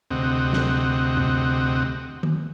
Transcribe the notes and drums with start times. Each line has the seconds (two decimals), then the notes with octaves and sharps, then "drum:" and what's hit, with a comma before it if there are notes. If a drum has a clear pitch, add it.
0.11 D2 C3 C4 D#5 F#5
0.53 drum: snare
1.17 drum: tom F2
2.23 drum: tom D#3